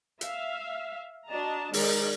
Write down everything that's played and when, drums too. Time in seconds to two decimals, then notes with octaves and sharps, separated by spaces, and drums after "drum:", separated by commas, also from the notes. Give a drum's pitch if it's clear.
0.21 E5 F5, drum: hi-hat
1.28 D4 F#4 D#5 A5 A#5
1.73 D#3 G#3 D#4 A#4 D5, drum: open hi-hat